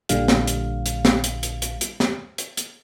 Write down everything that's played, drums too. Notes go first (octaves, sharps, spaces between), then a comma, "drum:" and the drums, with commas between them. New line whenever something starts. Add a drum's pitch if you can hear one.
A#1 A#2 D3 G3 F5, drum: hi-hat
drum: snare
drum: hi-hat
drum: hi-hat
drum: snare
drum: hi-hat
drum: hi-hat
drum: hi-hat
drum: hi-hat
drum: snare
drum: hi-hat
drum: hi-hat